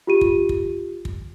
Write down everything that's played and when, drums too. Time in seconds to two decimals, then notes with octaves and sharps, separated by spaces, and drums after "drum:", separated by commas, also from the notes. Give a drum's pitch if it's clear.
0.07 F4 G4 D#7
0.21 drum: kick
0.49 drum: kick
1.05 drum: kick